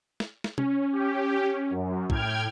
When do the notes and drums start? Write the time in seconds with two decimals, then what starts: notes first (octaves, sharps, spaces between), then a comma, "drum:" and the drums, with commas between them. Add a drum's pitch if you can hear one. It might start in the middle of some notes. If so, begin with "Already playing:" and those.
0.20 drum: snare
0.44 drum: snare
0.58 C#4, drum: tom
0.93 G4
1.70 F#2
2.10 A2 G5 F6 G#6, drum: kick